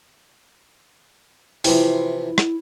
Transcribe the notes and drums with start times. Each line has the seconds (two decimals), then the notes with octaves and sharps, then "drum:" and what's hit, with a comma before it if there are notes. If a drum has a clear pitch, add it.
1.64 C3 E3 F3 E4, drum: open hi-hat
2.38 drum: rim click